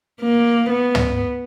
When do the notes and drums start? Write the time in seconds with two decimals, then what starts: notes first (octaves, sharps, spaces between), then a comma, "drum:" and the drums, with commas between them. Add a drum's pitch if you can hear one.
0.20 A#3
0.70 B3
0.95 drum: tom